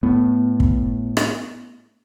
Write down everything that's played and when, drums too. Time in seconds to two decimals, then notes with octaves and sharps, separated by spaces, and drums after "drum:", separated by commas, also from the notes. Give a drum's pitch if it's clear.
0.03 A2 B3
0.60 drum: kick
1.17 drum: rim click